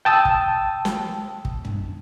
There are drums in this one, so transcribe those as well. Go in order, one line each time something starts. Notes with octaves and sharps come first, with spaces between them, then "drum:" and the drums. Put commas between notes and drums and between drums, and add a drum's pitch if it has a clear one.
G5 A5 D#6 E6
drum: kick
drum: snare
drum: kick
drum: tom